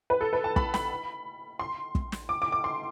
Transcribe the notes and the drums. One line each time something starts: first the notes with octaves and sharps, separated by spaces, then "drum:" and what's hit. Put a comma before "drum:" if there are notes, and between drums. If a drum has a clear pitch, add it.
B4
A4
B4
A5
B5, drum: kick
B5, drum: snare
C6
drum: kick
drum: snare
D6
D6
D6
C6